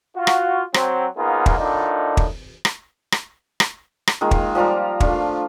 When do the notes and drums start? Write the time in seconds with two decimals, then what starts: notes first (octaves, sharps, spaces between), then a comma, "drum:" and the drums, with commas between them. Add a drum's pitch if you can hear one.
0.16 F4 F#4
0.27 drum: rim click
0.74 F#3 C4, drum: rim click
1.17 F#3 A#3 B3 D#4 F4 G#4
1.46 drum: kick
1.58 A2 D3 D#3 D4 D#4 F4
2.17 drum: kick
2.65 drum: rim click
3.12 drum: rim click
3.60 drum: rim click
4.07 drum: rim click
4.21 D#3 G#3 A#3 F4
4.31 drum: kick
4.55 F3 G3 F4 A#4
5.00 A3 D4 F4, drum: kick